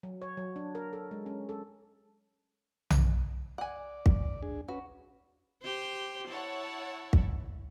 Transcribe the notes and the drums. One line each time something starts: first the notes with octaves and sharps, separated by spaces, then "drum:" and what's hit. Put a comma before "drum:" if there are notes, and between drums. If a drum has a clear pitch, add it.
F#3
C#5
F#3
D4
A#4
A4
G#3
C#4
A4
drum: tom B1
D5 F#5 G#5
drum: kick
D4 G#4
C#4 F#4 B4
G4 C5
E4 C#5 F#5 A5
drum: kick